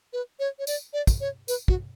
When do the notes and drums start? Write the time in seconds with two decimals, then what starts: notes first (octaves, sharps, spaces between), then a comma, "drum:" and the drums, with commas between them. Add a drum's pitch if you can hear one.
0.13 B4
0.39 C#5
0.59 C#5
0.67 D5, drum: tambourine
0.93 D5
1.07 drum: kick, tambourine
1.21 C#5
1.48 B4, drum: tambourine
1.68 F#4, drum: kick